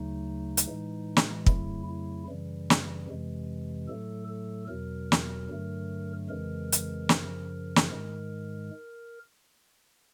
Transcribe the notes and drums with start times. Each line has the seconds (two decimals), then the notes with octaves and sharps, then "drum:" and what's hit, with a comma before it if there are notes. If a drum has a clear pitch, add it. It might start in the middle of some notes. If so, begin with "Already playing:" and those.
Already playing: D2 C#3 F#3 A3 D#4
0.57 drum: hi-hat
0.66 A2 E3 G#3
1.17 drum: snare
1.46 F2 C#3 F#3 A3 E4, drum: kick
1.87 E4
2.27 F#2 C#3 E3 G3
2.70 drum: snare
3.07 F2 C3 E3 G#3
3.87 A2 F#3 A3 A4
4.28 A4
4.68 E2 B2 F#3 A#4
5.12 drum: snare
5.49 G2 D3 F#3 A3
6.29 F2 C#3 E3 G#3 A#4
6.72 drum: hi-hat
7.09 F#2 C#3 F3, drum: snare
7.76 drum: snare
7.90 G#2 D#3 G#3